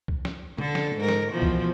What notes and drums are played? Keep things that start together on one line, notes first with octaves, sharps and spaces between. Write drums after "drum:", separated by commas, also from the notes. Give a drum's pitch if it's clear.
drum: kick C2
drum: snare
D3 A4, drum: tom B2
drum: snare
G#2 A#4
drum: snare
B2 E3 F3
drum: kick C2